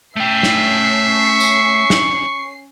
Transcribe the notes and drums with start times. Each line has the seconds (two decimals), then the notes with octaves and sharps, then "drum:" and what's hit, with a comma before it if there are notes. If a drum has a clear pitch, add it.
0.16 A3 C#4 E5 G5 C7
0.43 drum: snare
1.08 C#6
1.40 drum: tambourine
1.90 drum: snare